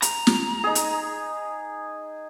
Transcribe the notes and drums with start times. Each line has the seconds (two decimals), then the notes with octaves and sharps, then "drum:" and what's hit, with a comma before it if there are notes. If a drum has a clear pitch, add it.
0.02 A#5, drum: hi-hat
0.27 drum: snare
0.64 D#4 G#4
0.75 drum: hi-hat